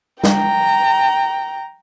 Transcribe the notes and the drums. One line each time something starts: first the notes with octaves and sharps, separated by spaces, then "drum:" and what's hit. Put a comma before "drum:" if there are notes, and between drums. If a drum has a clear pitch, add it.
G5 A#5, drum: snare